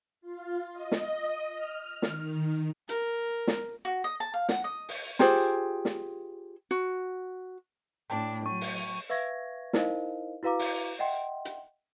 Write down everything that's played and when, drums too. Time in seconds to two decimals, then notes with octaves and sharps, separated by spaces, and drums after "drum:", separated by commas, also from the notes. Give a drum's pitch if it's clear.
0.21 F4
0.73 D#5
0.92 drum: snare
1.55 F6
2.02 D#3, drum: snare
2.89 A#4, drum: hi-hat
3.47 drum: snare
3.85 F#4
4.04 D#5
4.20 A5
4.34 F5
4.49 F#5, drum: snare
4.64 D#5
4.89 drum: open hi-hat
5.19 F4 G4 G#4 C5, drum: snare
5.85 drum: snare
6.71 F#4
8.10 A2 D4 G5 A5
8.46 F#3 C#6
8.61 drum: open hi-hat
9.10 B4 E5 F5 C#6 G#6 A#6
9.73 D#4 E4 A#4 C5 D#5 F5, drum: snare
10.43 E4 F#4 B4 F5 A#5 D6
10.59 drum: open hi-hat
10.99 D#5 E5 F#5 G5 C6
11.45 drum: hi-hat